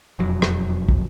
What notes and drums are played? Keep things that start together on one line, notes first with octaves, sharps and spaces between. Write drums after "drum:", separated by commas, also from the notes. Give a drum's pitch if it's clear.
E1 F2 F#3
drum: rim click
drum: kick